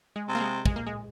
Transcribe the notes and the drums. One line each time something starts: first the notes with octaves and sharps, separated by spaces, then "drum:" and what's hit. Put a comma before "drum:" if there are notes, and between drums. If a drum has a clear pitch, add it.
G#3
C3
A#3
G#3
G#3, drum: kick
A#3
G#3